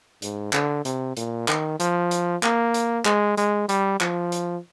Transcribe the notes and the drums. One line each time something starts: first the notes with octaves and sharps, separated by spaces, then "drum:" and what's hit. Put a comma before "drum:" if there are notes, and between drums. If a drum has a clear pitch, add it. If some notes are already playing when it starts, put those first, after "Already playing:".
G#2, drum: hi-hat
D3, drum: clap
C3, drum: hi-hat
A#2, drum: hi-hat
D#3, drum: clap
F3, drum: hi-hat
drum: hi-hat
A#3, drum: clap
drum: hi-hat
G#3, drum: clap
G#3, drum: hi-hat
G3, drum: hi-hat
F3, drum: clap
drum: hi-hat